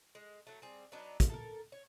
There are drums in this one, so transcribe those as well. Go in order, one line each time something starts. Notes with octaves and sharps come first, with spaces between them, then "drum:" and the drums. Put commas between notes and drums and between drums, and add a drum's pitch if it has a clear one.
G#3
F#3 A3
G3 C4 G#4
F#3 B3 D4 D#4
drum: kick, hi-hat
A4 A#4
C#5